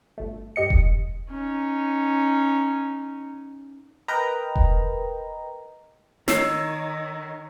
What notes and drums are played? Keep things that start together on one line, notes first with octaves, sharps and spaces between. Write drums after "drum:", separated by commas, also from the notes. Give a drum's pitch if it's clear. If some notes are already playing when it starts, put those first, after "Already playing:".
G1 A3
G2 G4 D#5 C#7
drum: kick E1
C#4 D#4
A#4 B4 D#5 G5 A#5
drum: kick E1
D#3 C#5 E6 C7, drum: snare